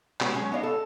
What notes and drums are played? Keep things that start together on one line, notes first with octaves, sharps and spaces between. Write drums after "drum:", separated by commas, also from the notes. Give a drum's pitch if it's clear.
G3 G#3 B3 C#4 F#4 B4, drum: clap
F#3 G#3 C#4
B3 D#4 D5 D#5 F5
A4